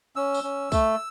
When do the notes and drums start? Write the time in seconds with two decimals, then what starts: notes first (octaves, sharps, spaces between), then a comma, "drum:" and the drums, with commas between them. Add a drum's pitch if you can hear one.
0.16 C#4 E6
0.34 drum: tambourine
0.44 C#4
0.72 A3, drum: kick, tambourine